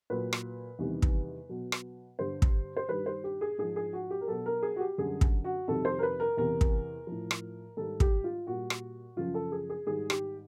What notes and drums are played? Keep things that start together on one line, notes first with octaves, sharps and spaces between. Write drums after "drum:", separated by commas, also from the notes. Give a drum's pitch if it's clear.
A#2 F#3 B4
drum: rim click
E2 C3 D#3 G3
drum: kick
B2 F#3
drum: rim click
G2 D3 G3 C5
drum: kick
C5
G2 D#3 G3 B4
C5
G4
G#4
G#2 F3 G#4
G#4
F#4
G4
A#4
B2 F#3 A4
A#4
G#4
F#4
G4
F#2 D3 G3 G#4
drum: kick
F#4
F2 C3 D#3 G3 A4
C5
A#4
B4
A#4
E2 C3 E3 A#4
drum: kick
A2 F3
drum: rim click
G#2 D#3 G3 A4
G4, drum: kick
F4
A#2 G3 F#4
drum: rim click
F#2 C#3 F3 F4
A4
G#4
G#4
G#2 D#3 G3 G#4
G4, drum: rim click